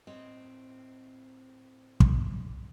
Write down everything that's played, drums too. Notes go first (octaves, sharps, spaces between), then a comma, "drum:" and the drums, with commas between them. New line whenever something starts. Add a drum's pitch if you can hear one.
A2 C4 C#5 D#5
drum: kick